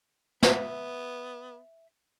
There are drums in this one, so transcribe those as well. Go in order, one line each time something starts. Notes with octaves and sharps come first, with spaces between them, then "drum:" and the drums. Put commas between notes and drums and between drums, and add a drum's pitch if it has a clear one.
B3 E5, drum: snare